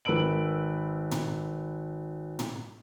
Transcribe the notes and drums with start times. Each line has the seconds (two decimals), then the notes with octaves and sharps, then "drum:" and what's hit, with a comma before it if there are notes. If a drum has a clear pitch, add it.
0.05 G#1 A#4 B4 E6 D7 F#7
1.11 drum: tom
2.39 drum: tom